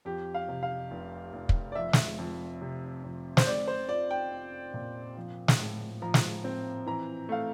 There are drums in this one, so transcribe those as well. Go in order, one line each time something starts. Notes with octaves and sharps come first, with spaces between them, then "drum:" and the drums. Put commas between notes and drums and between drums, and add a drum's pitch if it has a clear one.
F2 G4
F5
C3
F5
F1
F1
drum: kick
D5
F2 E5
drum: snare
F2
C3
F2
C5, drum: snare
C4 D5
C5
F4 D5
G5
C4
A#2
F3
drum: snare
A2
F3 A#5
drum: snare
C4
E3 A#5
A3 F5